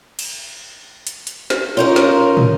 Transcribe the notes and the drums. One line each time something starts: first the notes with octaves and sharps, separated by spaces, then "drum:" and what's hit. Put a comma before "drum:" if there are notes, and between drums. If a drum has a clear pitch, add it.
drum: cymbal
drum: hi-hat
drum: hi-hat
drum: snare
C#4 D#4 F4 A#4
drum: snare
drum: tom